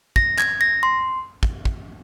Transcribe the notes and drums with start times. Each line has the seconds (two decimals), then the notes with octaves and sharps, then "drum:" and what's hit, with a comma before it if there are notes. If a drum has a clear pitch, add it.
0.16 A#6, drum: kick
0.38 G#6, drum: clap
0.61 A#6
0.83 C6
1.43 drum: kick
1.65 drum: kick